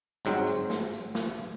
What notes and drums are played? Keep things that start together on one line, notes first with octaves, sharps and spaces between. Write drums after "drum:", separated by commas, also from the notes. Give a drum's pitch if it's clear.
G1 G#2 F#3 C4, drum: tambourine
drum: tambourine
drum: snare
drum: tambourine
drum: snare